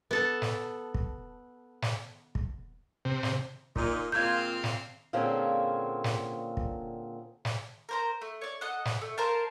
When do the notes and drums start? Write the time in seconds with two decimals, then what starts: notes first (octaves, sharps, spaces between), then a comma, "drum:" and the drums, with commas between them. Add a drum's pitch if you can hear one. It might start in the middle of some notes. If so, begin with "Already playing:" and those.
0.11 B3 A4 A5
0.42 drum: snare
0.94 drum: kick
1.82 drum: snare
2.35 drum: kick
3.05 C3
3.23 drum: snare
3.76 A#2 D#4, drum: kick
4.12 A#2 G#3 C4 F4 F5 G6 G#6
4.64 drum: snare
5.13 A#2 D3 A#3 C4 C#4 G#4
6.04 drum: snare
6.57 drum: kick
7.45 drum: snare
7.89 A#4 C5 A#5
8.22 A3
8.41 C#5 D5
8.61 A4 D#5 F#5
8.85 drum: snare
9.02 A3
9.18 A#4 C5 F5 A5